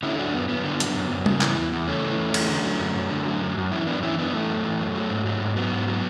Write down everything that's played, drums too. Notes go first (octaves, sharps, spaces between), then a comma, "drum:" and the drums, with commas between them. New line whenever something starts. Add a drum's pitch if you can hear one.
D3 C#4 E4
F#3 D4 F#4
F#2 B3
F#2 B3
D3
F#3, drum: hi-hat
F#2
F#2
C#3, drum: tom G3
E3, drum: clap
E2
E2
C#3 A3 C#4
E3
E2
E2, drum: cymbal
D3
F#3
F#2
F#2
D3
F#3
F#2
F#2
E3 C#4 E4
F#2 B3 D4
E3 C#4 E4
F#2 B3 D4
E3 A3
F#2
E3
F#2
F#3
G#2
F#3
G#2
F#3 B3
G#2
F#3